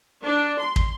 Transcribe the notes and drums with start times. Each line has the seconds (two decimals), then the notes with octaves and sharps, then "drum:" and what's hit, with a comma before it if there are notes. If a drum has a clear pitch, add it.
0.24 D4
0.60 C6
0.76 drum: kick